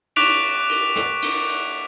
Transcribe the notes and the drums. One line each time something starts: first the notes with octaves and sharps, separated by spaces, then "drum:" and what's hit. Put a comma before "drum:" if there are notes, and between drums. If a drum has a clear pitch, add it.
C#6 D6 F#6 B6 D7 F7, drum: cymbal
drum: cymbal
drum: rim click
drum: cymbal
drum: cymbal